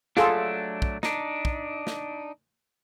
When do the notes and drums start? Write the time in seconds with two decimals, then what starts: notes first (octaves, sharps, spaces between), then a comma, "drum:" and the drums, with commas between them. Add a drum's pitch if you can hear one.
0.17 F#3 A3 D4 F4 G#4 A4, drum: snare
0.82 drum: kick
1.03 D4 D#4, drum: snare
1.45 drum: kick
1.87 drum: snare